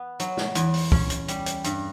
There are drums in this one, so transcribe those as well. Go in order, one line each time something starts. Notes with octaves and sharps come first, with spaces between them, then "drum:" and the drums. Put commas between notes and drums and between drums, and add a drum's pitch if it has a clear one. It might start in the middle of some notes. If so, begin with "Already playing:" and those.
Already playing: B3
F#3, drum: hi-hat
drum: snare
E2, drum: hi-hat
drum: open hi-hat
C#4, drum: kick
drum: hi-hat
G3, drum: hi-hat
drum: hi-hat
G2, drum: hi-hat